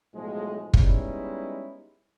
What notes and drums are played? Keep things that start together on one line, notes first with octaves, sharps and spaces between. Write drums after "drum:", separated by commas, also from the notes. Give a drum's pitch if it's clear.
B1 A2 F3 G#3
G3 G#3 B3 C#4 D#4 E4, drum: kick